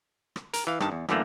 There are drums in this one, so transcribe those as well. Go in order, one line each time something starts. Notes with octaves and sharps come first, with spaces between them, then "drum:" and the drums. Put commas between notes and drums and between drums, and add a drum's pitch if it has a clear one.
drum: rim click
A#4, drum: hi-hat
E3 F5
G2 D#3 A5, drum: rim click
E2
F#2 D3 E3 A3 A#3, drum: rim click